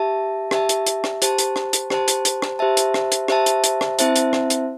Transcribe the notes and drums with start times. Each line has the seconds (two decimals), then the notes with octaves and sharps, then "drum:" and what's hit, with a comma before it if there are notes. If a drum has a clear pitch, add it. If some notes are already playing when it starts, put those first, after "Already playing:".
Already playing: G4 E5 A5
0.51 G4 E5 A5, drum: rim click
0.69 drum: hi-hat
0.86 drum: hi-hat
1.04 drum: rim click
1.22 G4 C5 A5, drum: hi-hat
1.38 drum: hi-hat
1.56 drum: rim click
1.73 drum: hi-hat
1.90 G4 C5 A5, drum: rim click
2.08 drum: hi-hat
2.25 drum: hi-hat
2.42 drum: rim click
2.59 G4 C5 E5 A5
2.77 drum: hi-hat
2.94 drum: rim click
3.12 drum: hi-hat
3.28 G4 C5 E5 A5, drum: rim click
3.46 drum: hi-hat
3.64 drum: hi-hat
3.81 drum: rim click
3.99 C4 E4 C5 E5 A5, drum: hi-hat
4.16 drum: hi-hat
4.33 drum: rim click
4.50 drum: hi-hat